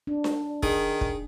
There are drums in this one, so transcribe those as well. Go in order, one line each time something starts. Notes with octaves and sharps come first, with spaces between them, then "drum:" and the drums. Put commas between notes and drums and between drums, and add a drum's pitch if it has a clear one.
D4
drum: snare D4
D#3 G#4, drum: kick
drum: kick